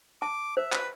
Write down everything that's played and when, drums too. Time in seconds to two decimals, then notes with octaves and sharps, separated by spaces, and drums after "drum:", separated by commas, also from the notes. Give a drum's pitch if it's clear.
0.22 A5 D6
0.57 C5 E5
0.72 B4, drum: clap